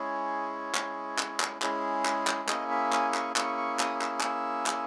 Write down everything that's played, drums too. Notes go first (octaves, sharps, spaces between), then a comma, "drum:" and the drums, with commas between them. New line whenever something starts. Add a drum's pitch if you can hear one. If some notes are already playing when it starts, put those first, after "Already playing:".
Already playing: G#3 C#4 E4 G#4 C#5
G#3 C#4 E4 G#4, drum: clap
drum: clap
drum: clap
G#3 C#4 E4 G#4, drum: clap
drum: clap
drum: clap
A#3 C#4 E4 G#4 D#5, drum: clap
E5
G#5, drum: clap
C#6, drum: clap
A#3 C#4 E4 G#4 C#6, drum: clap
C#6
D#6, drum: clap
E6, drum: clap
A#3 C#4 E4 G#4 E6, drum: clap
drum: clap